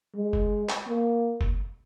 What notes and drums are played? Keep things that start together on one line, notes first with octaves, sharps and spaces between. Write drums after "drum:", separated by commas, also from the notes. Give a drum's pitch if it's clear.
G#3
drum: kick F#1
drum: clap
A#3
drum: kick F#1